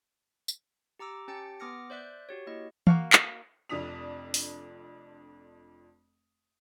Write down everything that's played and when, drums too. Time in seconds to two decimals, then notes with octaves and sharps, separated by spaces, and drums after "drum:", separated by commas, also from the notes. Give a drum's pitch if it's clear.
0.48 drum: tambourine
0.99 G4 A#5 D6 E6
1.28 C#4 G4 G5 A5 A6 C#7
1.60 B3 D6 D#6 F6 A#6 C#7
1.90 C5 D5 E5 F#6 G6
2.29 F#4 G4 C#5
2.47 A#3 E4 D#5
2.87 A#3 F#4 F5, drum: tom E3
3.13 drum: clap
3.69 F1 F2 D4 D#6 B6 F7
4.34 drum: open hi-hat